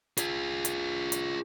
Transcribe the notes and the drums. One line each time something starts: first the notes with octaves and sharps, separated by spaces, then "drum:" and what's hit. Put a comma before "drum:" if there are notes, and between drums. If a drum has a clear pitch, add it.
F4 G#4, drum: hi-hat
drum: hi-hat
drum: hi-hat